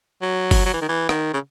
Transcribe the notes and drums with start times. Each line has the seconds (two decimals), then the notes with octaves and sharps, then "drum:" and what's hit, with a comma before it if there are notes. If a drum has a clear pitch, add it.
0.22 F#3
0.51 drum: kick F#1, open hi-hat
0.66 F#3
0.74 E3
0.81 D#3
0.89 E3
1.09 D#3, drum: rim click
1.34 C#3